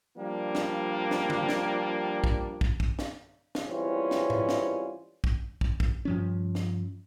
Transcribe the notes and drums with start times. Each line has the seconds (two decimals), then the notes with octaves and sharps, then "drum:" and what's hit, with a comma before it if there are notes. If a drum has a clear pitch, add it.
0.17 F3 G3 A#3 D4
0.55 drum: snare
1.11 drum: snare
1.30 drum: tom
1.49 drum: snare
2.24 drum: kick
2.61 drum: kick
2.80 drum: kick
2.99 drum: snare
3.55 drum: snare
3.66 G#2 E3 G3 C4 C#4 F4
4.11 drum: snare
4.30 drum: tom G#2
4.49 drum: snare
5.24 drum: kick
5.61 drum: kick
5.80 drum: kick
6.05 G2 F3 C#4
6.55 drum: snare